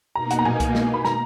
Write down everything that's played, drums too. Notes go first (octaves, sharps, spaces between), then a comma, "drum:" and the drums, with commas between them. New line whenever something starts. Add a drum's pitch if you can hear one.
B2 A#3 D#4 A#5
F#5, drum: hi-hat
A#5
G#5, drum: tom A#2
drum: kick C2, hi-hat
drum: snare
B5
A#5, drum: snare